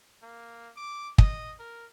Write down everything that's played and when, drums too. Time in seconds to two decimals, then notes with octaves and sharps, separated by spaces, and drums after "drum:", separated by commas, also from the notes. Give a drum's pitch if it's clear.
0.22 A#3
0.76 D6
1.18 D#5, drum: kick
1.59 A#4